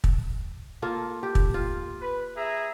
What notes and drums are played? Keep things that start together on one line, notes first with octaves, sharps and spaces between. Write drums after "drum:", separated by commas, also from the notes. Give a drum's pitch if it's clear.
drum: kick
A#3 F4 A4
G4
drum: kick
F4
B4
G#4 E5 A#5